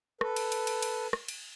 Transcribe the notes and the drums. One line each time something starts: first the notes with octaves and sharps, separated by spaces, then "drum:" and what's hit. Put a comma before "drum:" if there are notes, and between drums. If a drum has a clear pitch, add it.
A4 B4, drum: rim click
drum: cymbal
drum: cymbal
drum: cymbal
drum: cymbal
drum: rim click
drum: cymbal